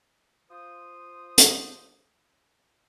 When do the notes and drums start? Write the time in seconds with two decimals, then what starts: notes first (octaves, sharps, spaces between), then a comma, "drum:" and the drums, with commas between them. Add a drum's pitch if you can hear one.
0.51 F4 C5 D#6
1.38 drum: hi-hat